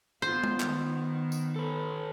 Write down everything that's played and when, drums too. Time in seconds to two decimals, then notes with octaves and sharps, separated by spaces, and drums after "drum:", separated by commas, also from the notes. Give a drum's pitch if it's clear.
0.22 B3 F4 C5
0.44 drum: tom G#3
0.60 D#3, drum: clap
1.32 drum: tambourine
1.56 A4 B4